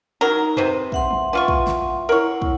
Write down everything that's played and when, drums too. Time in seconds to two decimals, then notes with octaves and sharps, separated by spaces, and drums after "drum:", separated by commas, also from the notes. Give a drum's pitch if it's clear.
0.21 F#3 D#4 E4 A#4
0.57 C3 B4 C5, drum: tom F2
0.92 E5 F#5 C6, drum: kick
1.11 drum: tom
1.33 E3 F4 C#6
1.48 drum: kick
1.67 drum: snare
2.09 E4 A#4 C#5 F#5
2.42 drum: kick